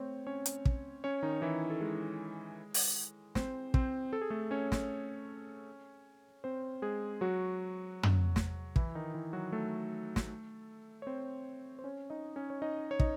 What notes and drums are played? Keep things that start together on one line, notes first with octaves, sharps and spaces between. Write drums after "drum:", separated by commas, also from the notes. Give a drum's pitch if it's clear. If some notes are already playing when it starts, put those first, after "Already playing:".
Already playing: A3 C4 C5 C#5
C#4 C#5
drum: hi-hat
drum: kick
C#4 C#5
D#3 D#4
E3 E4
A4
G#3 G#4
drum: open hi-hat
C4 C5, drum: snare
C4 C5, drum: kick
A4
G#4
A3 A4
C#4 C#5
drum: snare
C4 C5
G#3 G#4
F#3 F#4
drum: tom
drum: snare
E3 E4, drum: kick
D#3 D#4
E3 E4
F#3 F#4
A3 A4
drum: snare
C#5
C4 C5
C5
C#4 C#5
D#4 D#5
C#4 C#5
C#5
D#4 D#5
C#5
D#4 D#5, drum: kick